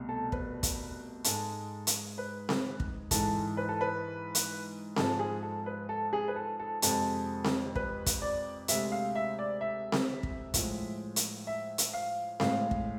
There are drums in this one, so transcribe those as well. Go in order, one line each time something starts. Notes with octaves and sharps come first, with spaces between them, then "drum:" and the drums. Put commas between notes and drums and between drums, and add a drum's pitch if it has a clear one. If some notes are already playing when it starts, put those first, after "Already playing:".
Already playing: C2 B2 A3
A4
B4, drum: kick
drum: kick, hi-hat
G#2 G#3 A4, drum: hi-hat
drum: hi-hat
B4
drum: snare C4
drum: kick
G#2 E3 G#3 A4, drum: kick, hi-hat
B4
A4
B4
drum: hi-hat
G#2 F3 G#3 A4, drum: snare C4
G#4
A4
B4
A4
G#4
B4
A4
A4
F2 C3 G#3 A4, drum: hi-hat
drum: snare C4
B4, drum: kick
drum: kick, hi-hat
D5
D2 C3 G#3 E5, drum: hi-hat
F5
E5
D5
E5
drum: snare C4
drum: kick
A2 F3 G#3, drum: kick, hi-hat
drum: hi-hat
E5
drum: hi-hat
F5
A2 G#3 F5, drum: snare C4
drum: kick